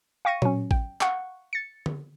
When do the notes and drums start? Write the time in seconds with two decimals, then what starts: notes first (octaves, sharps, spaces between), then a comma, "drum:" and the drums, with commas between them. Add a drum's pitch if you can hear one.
0.25 F5 G5 C#6 A#6 C#7 D#7
0.42 F#3 C#4, drum: tom A#2
0.71 G5, drum: kick A1
1.01 F5 F#5 C#6, drum: clap
1.53 A6 C#7
1.86 drum: tom D3